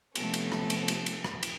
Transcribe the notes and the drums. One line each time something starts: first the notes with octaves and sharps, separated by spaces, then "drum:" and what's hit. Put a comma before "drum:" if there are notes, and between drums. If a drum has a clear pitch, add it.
C3 F3 A3 B3 C#4 A4, drum: cymbal
drum: cymbal
drum: rim click
drum: cymbal
drum: cymbal
drum: cymbal
drum: rim click
drum: cymbal